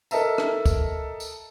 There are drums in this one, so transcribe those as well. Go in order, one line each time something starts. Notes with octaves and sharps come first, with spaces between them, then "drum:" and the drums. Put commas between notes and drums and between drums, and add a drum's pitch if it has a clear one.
A4 A#4 D#5 E5 A5, drum: tambourine
drum: rim click
drum: kick, tambourine
drum: tambourine